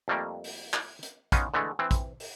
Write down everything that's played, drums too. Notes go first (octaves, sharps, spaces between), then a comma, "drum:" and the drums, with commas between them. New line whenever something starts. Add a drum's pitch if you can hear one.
F2 G3 A3 A#3
drum: open hi-hat
drum: clap
drum: hi-hat
B3 C#4 D#4 F4, drum: kick, hi-hat
D3 E3 G#3 A3
E3 C4
drum: kick, hi-hat
drum: open hi-hat